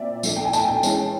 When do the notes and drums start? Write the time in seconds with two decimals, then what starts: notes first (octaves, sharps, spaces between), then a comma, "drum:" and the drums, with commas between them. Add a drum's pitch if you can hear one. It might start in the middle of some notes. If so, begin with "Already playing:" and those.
Already playing: A#2 C4 D5 E5
0.23 F3 A3 D4, drum: tambourine
0.36 G5
0.45 G#5
0.53 G5 A5, drum: tambourine
0.68 G5 A5
0.83 E3 G#3 C#4, drum: tambourine